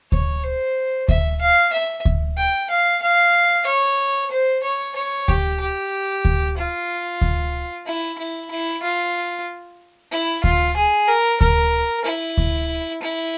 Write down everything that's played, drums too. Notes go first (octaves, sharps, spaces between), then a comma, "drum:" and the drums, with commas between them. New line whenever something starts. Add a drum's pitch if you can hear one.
C#5, drum: kick D2
C5
E5, drum: kick D2
F5
E5
drum: kick D2
G5
F5
F5
C#5
C5
C#5
C#5
G4, drum: kick D2
G4
drum: kick D2
F4
drum: kick D2
E4
E4
E4
F4
E4
F4, drum: kick D2
G#4
A#4
A#4, drum: kick D2
E4
drum: kick D2
E4